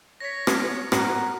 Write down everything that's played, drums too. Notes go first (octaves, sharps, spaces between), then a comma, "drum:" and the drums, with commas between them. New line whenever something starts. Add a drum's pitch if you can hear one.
C#5 A#6 B6
drum: rim click
F#4 A#4 B4, drum: rim click